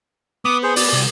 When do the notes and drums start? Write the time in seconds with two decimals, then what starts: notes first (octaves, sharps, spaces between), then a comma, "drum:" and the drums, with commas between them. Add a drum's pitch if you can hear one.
0.45 B3 D6 D#6
0.63 G#4 C5
0.76 D5, drum: open hi-hat
0.93 C2